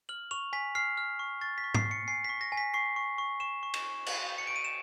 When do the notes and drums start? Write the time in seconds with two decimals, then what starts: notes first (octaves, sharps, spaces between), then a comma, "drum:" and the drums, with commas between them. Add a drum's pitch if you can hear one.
0.09 F6 F#7
0.31 C#6 F7
0.53 G#5 B6
0.75 F6 C7
0.98 F6
1.19 C#6
1.41 C#6 A6
1.58 B6
1.64 C#6
1.74 C7, drum: tom
1.85 C#6
1.91 C#7
2.08 G#5 C7
2.25 B6
2.29 C#6
2.41 A#6
2.52 G#5
2.57 B6
2.74 C#6 C7
2.96 C#6
3.18 C#6
3.40 C#6 E7
3.63 C#6
3.74 E7, drum: cymbal
3.84 C#6
4.06 C#6 F#7, drum: cymbal
4.29 C#6
4.38 C#7
4.47 C#6 D7
4.56 D#7
4.64 E7